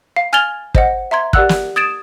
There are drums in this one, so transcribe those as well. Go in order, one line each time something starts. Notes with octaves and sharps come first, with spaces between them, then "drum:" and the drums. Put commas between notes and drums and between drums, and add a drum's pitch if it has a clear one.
F5
G#5 F6 G#6 A6 F7 G7
C5 D#5 F#5, drum: kick
E5 A#5 C6 G#6
G4 A#4 D5 F#5 E6 F#6, drum: kick
drum: snare
D#6 G#6 A6 D7 E7